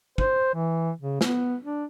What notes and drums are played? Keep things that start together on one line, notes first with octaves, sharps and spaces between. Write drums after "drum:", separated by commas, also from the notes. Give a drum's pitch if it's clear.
C5, drum: kick
E3
C#3
B3, drum: snare
D4